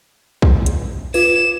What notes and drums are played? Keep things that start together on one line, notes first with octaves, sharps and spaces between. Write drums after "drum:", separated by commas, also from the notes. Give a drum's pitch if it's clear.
drum: kick B1
drum: hi-hat
F4 B4 E7, drum: open hi-hat